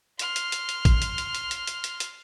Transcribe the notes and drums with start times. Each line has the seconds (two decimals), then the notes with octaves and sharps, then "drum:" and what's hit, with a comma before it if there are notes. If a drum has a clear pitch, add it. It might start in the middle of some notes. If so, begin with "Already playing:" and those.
0.19 C6 F6, drum: hi-hat
0.36 drum: hi-hat
0.52 drum: hi-hat
0.69 drum: hi-hat
0.85 drum: kick A1, hi-hat
1.02 drum: hi-hat
1.18 drum: hi-hat
1.35 drum: hi-hat
1.51 drum: hi-hat
1.67 drum: hi-hat
1.84 drum: hi-hat
2.00 drum: hi-hat